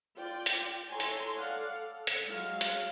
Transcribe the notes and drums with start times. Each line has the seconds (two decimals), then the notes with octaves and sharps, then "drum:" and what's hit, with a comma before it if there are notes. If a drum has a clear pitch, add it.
0.17 F4 D5 G5
0.46 drum: hi-hat
0.90 E4 A4 C#5 G#5 A#5 C6
1.00 drum: hi-hat
1.36 A4 D5 F5 F#5
1.80 A4
2.07 drum: hi-hat
2.27 F#3 G#3 F5
2.61 drum: hi-hat